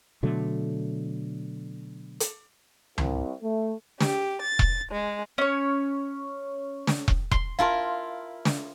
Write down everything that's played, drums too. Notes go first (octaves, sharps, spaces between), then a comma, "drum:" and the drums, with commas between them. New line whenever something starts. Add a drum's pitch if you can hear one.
B2 D3 F#3 A3
drum: hi-hat
C2, drum: tom C#2
A3
G4, drum: snare
A6
drum: kick E1
G#3
C#4 C#5
drum: snare
drum: kick E1
C6, drum: kick E1
E4 F4 A#4 F5 A5 C6
drum: snare